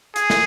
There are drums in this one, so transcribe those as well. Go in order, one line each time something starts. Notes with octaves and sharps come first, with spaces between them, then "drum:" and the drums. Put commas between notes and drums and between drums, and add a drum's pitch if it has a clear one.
G#4, drum: hi-hat
drum: snare